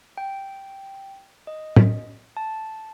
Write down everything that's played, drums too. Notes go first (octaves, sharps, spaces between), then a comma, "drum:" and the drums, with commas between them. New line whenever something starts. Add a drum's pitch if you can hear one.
G5
D#5
drum: tom A2
A5